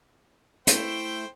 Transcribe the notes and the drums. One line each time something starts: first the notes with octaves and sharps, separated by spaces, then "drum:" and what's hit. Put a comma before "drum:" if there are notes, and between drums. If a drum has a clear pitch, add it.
A3 E4 C5 G5, drum: hi-hat